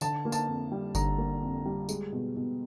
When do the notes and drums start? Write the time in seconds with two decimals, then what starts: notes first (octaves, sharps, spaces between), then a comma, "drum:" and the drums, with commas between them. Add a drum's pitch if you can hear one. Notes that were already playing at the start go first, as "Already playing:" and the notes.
0.01 D3 A5, drum: tambourine
0.25 A#3
0.32 A5, drum: tambourine
0.47 F2
0.72 G3
0.95 D3 A#5, drum: kick G1, tambourine
1.18 A#3
1.42 F2
1.66 G3
1.89 G#3, drum: tambourine
2.12 B2
2.36 B2